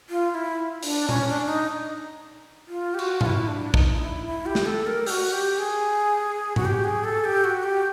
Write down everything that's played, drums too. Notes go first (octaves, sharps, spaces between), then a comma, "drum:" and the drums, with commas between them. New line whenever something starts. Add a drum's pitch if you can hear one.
F4
F4
E4
D4, drum: open hi-hat
C#4, drum: tom A#2
D4
D#4
F4
G4
F#4, drum: cymbal
F4, drum: tom G#2
E4
D4
D#4, drum: kick
F4
E4
E4
G4
drum: snare
A4
A#4
G4, drum: open hi-hat
F#4
G4
G#4
F#4, drum: tom G#2
G4
G#4
A4
G4
F#4
G4